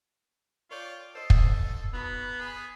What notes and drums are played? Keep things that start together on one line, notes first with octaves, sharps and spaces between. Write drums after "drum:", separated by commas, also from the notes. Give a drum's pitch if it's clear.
F4 C#5 D5 G5
A4 C5 D#5
drum: kick
B3 D#4 F#4 B5
G#4 B5